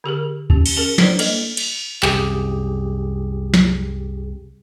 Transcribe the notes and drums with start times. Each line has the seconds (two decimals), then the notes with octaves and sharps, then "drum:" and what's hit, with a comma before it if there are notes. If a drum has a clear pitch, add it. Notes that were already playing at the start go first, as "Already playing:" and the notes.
0.04 D3 G4 G#4 A#4
0.50 C#4 G4, drum: kick
0.66 drum: cymbal
0.76 C#4 G#4 A#4
0.98 D4 E4 A4 B4 C5 D5, drum: snare
1.19 G3 A#3 A4 D#5, drum: cymbal
1.57 drum: cymbal
2.03 C2 F#2 C3 G4 G#4, drum: clap
3.54 drum: snare